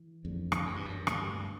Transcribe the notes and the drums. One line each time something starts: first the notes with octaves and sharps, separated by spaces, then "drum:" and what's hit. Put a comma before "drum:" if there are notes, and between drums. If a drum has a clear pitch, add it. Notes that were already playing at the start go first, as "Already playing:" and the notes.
Already playing: E3
F2 A2 E3 A3 D4
drum: rim click
F#2
G2
F#2
D2 G2 D3 F#3 A3, drum: rim click